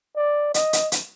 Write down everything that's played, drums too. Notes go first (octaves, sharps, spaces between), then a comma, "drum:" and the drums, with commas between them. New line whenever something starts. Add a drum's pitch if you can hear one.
D5
D#5, drum: hi-hat
drum: hi-hat
drum: hi-hat